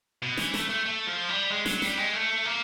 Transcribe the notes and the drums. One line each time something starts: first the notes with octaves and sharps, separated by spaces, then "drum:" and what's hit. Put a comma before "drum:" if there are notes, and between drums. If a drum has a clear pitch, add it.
B2
E3, drum: snare
A3, drum: snare
A3
A3
F3
G3
G#3
F#3, drum: snare
G3, drum: snare
G#3
A3
A#3